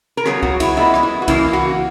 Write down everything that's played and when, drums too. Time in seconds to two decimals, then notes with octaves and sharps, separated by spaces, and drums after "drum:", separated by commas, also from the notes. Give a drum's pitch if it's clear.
0.17 A#4
0.26 C#3 F#3 B3 G#4, drum: rim click
0.43 F#4, drum: kick C2
0.60 E4, drum: cymbal
0.77 A#2 G#3 B3 E4
0.94 drum: rim click
1.03 E4
1.22 F#4
1.28 C#3 E3 A#3 E4, drum: kick C2, cymbal
1.53 F#4